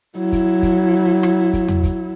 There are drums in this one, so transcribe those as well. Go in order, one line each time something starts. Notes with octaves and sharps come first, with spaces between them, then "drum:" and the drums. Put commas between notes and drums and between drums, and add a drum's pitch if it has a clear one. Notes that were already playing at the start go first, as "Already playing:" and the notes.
F#3 E4
drum: kick, hi-hat
drum: kick, hi-hat
drum: rim click
drum: kick, hi-hat
drum: tom E2
drum: kick, hi-hat